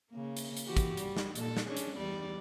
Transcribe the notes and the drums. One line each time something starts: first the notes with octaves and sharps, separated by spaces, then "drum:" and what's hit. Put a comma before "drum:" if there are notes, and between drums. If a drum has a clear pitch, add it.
C#3 A#3
drum: hi-hat
drum: hi-hat
E3 F#4 G4
drum: kick, hi-hat
G3, drum: hi-hat
drum: snare
A#2 A4, drum: hi-hat
drum: snare
C#4 D4 G#4
drum: hi-hat
E2 G3 D5